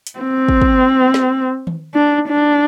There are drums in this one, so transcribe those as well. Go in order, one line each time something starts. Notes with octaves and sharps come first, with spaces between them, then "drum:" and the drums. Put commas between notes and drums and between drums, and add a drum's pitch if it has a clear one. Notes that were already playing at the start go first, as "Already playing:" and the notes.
drum: hi-hat
C4
drum: kick
drum: kick
drum: snare
drum: tom D#3
D4
D4